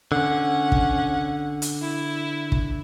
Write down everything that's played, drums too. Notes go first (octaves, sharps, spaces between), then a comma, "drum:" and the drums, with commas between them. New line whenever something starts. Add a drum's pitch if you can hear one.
D3 C#4 F#5
drum: kick
drum: hi-hat
E4
drum: kick